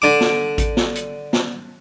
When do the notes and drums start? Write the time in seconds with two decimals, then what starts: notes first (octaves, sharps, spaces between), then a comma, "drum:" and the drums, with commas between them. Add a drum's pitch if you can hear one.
0.02 D3 D6
0.21 drum: snare
0.58 drum: kick A1, hi-hat
0.77 drum: snare
0.95 drum: hi-hat
1.33 drum: snare